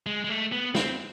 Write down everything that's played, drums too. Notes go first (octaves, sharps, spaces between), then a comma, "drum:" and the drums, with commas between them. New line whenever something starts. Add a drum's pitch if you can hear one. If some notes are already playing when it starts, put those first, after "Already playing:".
G#3
G#3
A3
B3
C4, drum: snare